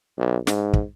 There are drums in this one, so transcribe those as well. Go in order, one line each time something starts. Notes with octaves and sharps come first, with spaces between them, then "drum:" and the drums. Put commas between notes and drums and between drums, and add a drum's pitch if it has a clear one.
B1
G#2, drum: snare
drum: kick